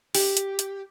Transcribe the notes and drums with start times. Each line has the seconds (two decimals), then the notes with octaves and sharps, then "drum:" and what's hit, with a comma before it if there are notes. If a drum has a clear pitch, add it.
0.15 G4, drum: open hi-hat
0.37 drum: hi-hat
0.59 drum: hi-hat